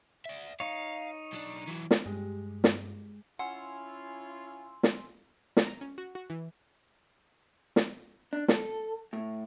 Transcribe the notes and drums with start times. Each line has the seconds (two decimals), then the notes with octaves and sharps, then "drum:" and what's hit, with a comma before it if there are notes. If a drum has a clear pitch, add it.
0.25 D5 E5
0.60 D#4 C#5 F5
1.33 B1 D4
1.67 E3 F#3
1.91 drum: snare
2.06 G2 G#3 G4
2.64 drum: snare
3.39 C#4 E4 F4 F#5 G#5 C6 E6
4.83 drum: snare
5.57 drum: snare
5.67 A#5
5.81 C#4
5.98 F#4
6.15 F#4
6.30 E3
7.76 drum: snare
8.33 D4
8.48 A4, drum: snare
9.13 A2